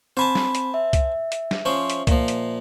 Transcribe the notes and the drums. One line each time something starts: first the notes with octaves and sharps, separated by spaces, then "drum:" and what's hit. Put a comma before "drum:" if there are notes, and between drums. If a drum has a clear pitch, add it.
C4 C5 G#5 A5 B5
drum: snare
drum: hi-hat
E5
drum: kick C2, hi-hat
drum: hi-hat
drum: snare
F3 C#4 C5
drum: hi-hat
A#2 F3, drum: kick C2, hi-hat
drum: hi-hat